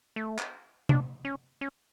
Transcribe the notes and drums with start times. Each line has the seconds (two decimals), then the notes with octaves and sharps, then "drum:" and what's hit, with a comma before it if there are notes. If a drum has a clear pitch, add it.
0.16 A3
0.39 drum: clap
0.89 D4, drum: tom C3
1.25 C#4
1.61 C#4